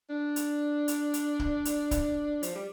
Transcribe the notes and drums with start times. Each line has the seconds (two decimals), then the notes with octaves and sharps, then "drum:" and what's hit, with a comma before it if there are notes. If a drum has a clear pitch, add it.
0.10 D4
0.36 drum: hi-hat
0.88 drum: hi-hat
1.14 drum: hi-hat
1.39 drum: kick C#1
1.65 drum: hi-hat
1.91 drum: kick C#1, hi-hat
2.43 F3, drum: hi-hat
2.55 G3